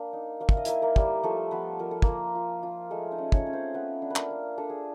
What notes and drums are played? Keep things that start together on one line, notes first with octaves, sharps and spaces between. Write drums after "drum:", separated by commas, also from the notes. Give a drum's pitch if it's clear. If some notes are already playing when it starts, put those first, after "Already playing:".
Already playing: A#3 D4 D5
D#4
A#3 F5
E5, drum: kick
D#5
A#3 E4 E5, drum: hi-hat
A#3 A#4
G3, drum: kick
F3 A3 A4
F3 B3 B4
F3 A#4
A4
A#3 F4 A#4, drum: kick
F4
F4
G#3 A3 A4
D#4 D#5
C#4
C#4 C#5, drum: kick
C#4
C4 C5
A3 B3 B4
D4
B4
A#3 A#4, drum: clap
F4
D4 A4
G#4